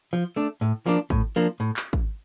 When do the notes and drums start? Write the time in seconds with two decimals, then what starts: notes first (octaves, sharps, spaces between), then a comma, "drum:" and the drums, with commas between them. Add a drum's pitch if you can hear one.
0.13 F3
0.36 A3 D4
0.61 A2
0.86 F3 A#3 D4
1.10 A2, drum: kick
1.36 F3 A#3 D4
1.60 A2
1.77 drum: clap
1.93 drum: kick